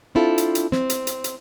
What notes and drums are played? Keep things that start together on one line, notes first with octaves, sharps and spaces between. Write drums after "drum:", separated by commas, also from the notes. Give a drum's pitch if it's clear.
C4 D4 E4 F4 A4
drum: hi-hat
drum: hi-hat
C4, drum: snare
drum: hi-hat
drum: hi-hat
drum: hi-hat